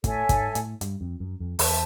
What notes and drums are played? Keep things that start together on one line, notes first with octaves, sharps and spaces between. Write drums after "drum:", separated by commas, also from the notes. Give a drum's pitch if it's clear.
A2 A4 C#5 E5 G#5, drum: kick, hi-hat
G#2, drum: kick, hi-hat
A2, drum: hi-hat
G2, drum: hi-hat
F2
F#2
F2
E2 C5 E5 A5, drum: open hi-hat